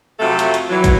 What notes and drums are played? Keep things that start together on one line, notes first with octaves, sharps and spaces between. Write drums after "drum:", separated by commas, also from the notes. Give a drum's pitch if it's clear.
F2 C3 F#3 A3 F4 A4
drum: hi-hat
drum: hi-hat
E3 F#3
drum: kick, hi-hat